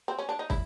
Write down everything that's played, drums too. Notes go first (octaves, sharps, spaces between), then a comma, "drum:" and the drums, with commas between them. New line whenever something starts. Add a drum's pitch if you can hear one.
C4
C#4
D4
D#4
E4, drum: kick